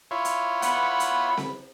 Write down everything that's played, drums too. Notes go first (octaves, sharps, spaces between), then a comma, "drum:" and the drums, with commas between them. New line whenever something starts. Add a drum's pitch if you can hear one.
E4 F4 C#5
drum: hi-hat
F#5 B5, drum: hi-hat
drum: hi-hat
drum: snare C4